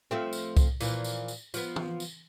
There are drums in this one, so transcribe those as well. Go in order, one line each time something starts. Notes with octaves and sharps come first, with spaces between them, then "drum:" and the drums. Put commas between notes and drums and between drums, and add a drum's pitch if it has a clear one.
F3 A3 C4
drum: tambourine
drum: kick C2, tambourine
A#2 E3 F3, drum: tambourine
drum: tambourine
drum: tambourine
F3 B3, drum: tambourine
drum: tom
drum: tambourine